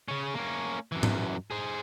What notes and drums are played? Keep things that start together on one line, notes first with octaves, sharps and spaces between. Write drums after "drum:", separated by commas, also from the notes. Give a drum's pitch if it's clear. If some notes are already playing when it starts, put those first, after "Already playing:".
C#3 C#4
A#3 C#4
F#2 E3
drum: tom G#2
G#4 C5